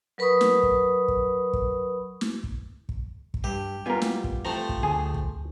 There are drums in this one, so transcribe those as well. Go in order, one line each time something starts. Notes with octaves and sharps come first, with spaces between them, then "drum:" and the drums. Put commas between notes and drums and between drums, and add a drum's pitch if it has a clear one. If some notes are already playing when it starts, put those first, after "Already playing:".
F#3 A#4 B4 B5 C#6 D#6
drum: snare
drum: kick
drum: kick
drum: kick
drum: snare
drum: kick
drum: kick
drum: kick
G2 G4
G3 B3 F4 A#4 G#5
drum: snare
drum: kick
F3 A3 C4 A#5
drum: kick
D2 G#4
drum: kick